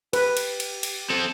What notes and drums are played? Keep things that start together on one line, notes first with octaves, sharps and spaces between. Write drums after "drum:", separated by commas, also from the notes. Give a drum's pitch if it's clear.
G4 B4, drum: cymbal
drum: cymbal
drum: cymbal
drum: cymbal
C4 A4